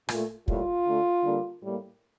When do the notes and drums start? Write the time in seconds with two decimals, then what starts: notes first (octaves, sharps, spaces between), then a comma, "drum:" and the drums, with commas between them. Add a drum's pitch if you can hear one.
0.09 A#2 A3, drum: rim click
0.48 A2 G3 A#3 F4, drum: kick
0.85 D3 A3
1.23 D3 G3 A#3
1.63 A2 G3 A#3